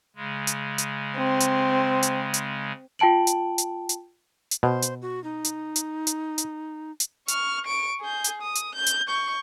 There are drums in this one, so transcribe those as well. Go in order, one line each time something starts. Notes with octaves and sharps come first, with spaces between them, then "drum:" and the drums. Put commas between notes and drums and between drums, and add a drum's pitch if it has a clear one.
C#3 G#3
drum: hi-hat
drum: hi-hat
C4
drum: hi-hat
drum: hi-hat
drum: hi-hat
F4 G5 A5 D7 F#7
drum: hi-hat
drum: hi-hat
drum: hi-hat
drum: hi-hat
B2 C5
drum: hi-hat
F#4
D#4
drum: hi-hat
drum: hi-hat
drum: hi-hat
drum: hi-hat
drum: hi-hat
C#6 F6, drum: hi-hat
C#6 D7
G#4 G6
drum: hi-hat
D#6
drum: hi-hat
G6
drum: hi-hat
C#6 G6